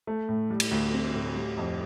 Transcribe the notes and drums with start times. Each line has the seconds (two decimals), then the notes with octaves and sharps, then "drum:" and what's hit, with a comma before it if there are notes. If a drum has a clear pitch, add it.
0.07 A3
0.29 A2
0.50 G3
0.60 drum: cymbal
0.71 D2
0.93 C4
1.14 A2
1.36 G3
1.57 F2